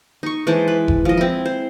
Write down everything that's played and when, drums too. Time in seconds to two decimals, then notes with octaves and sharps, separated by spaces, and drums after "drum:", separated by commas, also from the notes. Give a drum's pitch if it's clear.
0.23 D#4 C#6
0.47 E3 G#3 C5 A5
0.68 B4
0.88 drum: kick F1
1.05 F3 D#5
1.17 C4 E4
1.46 C5